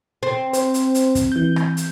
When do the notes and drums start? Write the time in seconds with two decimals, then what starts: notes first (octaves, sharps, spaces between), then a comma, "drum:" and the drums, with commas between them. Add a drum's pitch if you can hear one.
0.23 C4
0.53 C5, drum: hi-hat
0.74 drum: hi-hat
0.95 drum: hi-hat
1.15 drum: kick, hi-hat
1.32 E3 G6
1.56 drum: rim click
1.77 drum: hi-hat